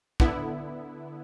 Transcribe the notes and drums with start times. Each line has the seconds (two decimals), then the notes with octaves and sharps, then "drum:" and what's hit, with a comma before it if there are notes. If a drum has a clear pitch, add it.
0.20 D3 B3 E4, drum: kick